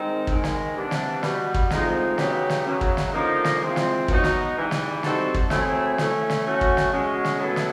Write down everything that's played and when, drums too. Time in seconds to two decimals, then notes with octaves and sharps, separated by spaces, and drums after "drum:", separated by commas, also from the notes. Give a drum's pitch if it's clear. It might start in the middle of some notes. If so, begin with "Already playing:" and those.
Already playing: D#3 G#3 C4 D#4
0.27 G#2 D#3 G#3, drum: kick
0.44 drum: snare
0.75 C3 E3 G3 B3 D4
0.91 drum: snare
1.23 B2 G3 B3, drum: snare
1.54 drum: kick
1.70 A2 F3 G#3 C4 D#4, drum: snare
2.18 C#3 F#3 B3 D#4 G4, drum: snare
2.49 drum: snare
2.65 F#2 C#3 F#3
2.81 drum: kick
2.97 drum: snare
3.12 D3 F3 A#3 D#4
3.44 drum: snare
3.60 E3 G#3 C4 F4
3.76 drum: snare
4.08 B2 F#3 B3 D#4 F#4, drum: kick
4.24 drum: snare
4.55 G#2 E3 G3
4.71 drum: snare
5.03 G3 C4 D#4 F#4 A4, drum: snare
5.34 drum: kick
5.50 F#3 A3 C4 E4 G#4, drum: snare
5.98 E3 A3 C#4, drum: snare
6.29 drum: snare
6.45 F#3 A3 C#4 F#4
6.61 drum: kick
6.77 drum: snare
6.92 B2 G#3 C#4
7.24 drum: snare
7.40 A2 F#3 B3 E4 A4
7.56 drum: snare